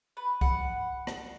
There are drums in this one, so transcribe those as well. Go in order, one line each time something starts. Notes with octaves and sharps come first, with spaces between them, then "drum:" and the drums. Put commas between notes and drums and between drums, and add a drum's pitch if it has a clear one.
B4
F#5, drum: kick C2
drum: rim click